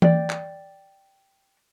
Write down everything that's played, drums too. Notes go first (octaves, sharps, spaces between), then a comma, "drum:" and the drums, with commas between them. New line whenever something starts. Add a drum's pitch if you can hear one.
D5 G5, drum: tom E3
drum: clap